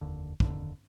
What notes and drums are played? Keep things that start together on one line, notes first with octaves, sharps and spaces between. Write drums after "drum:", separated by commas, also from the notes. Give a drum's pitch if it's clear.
F1 D#2 D3
F1 D#2 D3, drum: kick